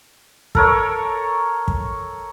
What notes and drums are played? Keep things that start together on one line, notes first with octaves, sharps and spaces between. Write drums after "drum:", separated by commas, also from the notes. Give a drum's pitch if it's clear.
A4 A#4 C#5, drum: kick
drum: kick